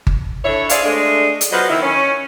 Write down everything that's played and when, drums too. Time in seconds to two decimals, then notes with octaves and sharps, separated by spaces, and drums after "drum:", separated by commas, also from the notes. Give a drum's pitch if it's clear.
0.07 drum: kick G1
0.45 D4 E4 A4 C#5
0.69 G#4 C5 D5 E5 F5, drum: hi-hat
0.83 G#3 A3 D4
1.41 drum: hi-hat
1.52 F#3 B3 F4 B4 C5 D#5
1.69 D#3 E4
1.82 C#4